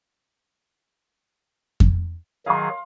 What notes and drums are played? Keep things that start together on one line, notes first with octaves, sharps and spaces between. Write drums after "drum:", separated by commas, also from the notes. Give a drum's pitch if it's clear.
drum: kick F2
D#3 F#3 G#4 F5 C6